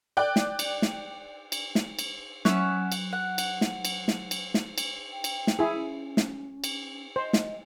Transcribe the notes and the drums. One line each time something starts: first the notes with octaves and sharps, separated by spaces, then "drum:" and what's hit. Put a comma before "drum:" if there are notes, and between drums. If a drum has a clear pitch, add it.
D5 G5 F#6
drum: snare
drum: cymbal
drum: snare
drum: cymbal
drum: snare
drum: cymbal
F#3 C#4 E5 F#5, drum: snare
drum: cymbal
F#5
drum: cymbal
drum: snare
drum: cymbal
drum: snare
drum: cymbal
drum: snare
drum: cymbal
G5
drum: cymbal
drum: snare
E4 G#4
C#4
drum: snare
drum: cymbal
C5 D#5
drum: snare